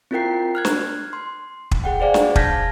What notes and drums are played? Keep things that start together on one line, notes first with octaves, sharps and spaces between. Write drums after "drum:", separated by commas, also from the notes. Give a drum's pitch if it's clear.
C4 E4 F4 A#4 G5 C7
F6 F#6 G#6
drum: snare
C6
drum: kick
G#4 F#5 G5
G#4 C5 D5 F5 G#5
drum: snare
A5 F6 G6 G#6 A#6 B6, drum: kick